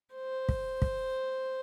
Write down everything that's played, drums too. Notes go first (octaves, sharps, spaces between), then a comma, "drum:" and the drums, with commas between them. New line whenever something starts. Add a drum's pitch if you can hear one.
C5
drum: kick
drum: kick